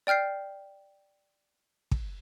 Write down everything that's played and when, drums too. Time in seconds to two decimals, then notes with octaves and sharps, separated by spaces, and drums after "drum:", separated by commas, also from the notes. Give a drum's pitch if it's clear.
0.07 D5 G5 F6 G6 C7
1.91 drum: kick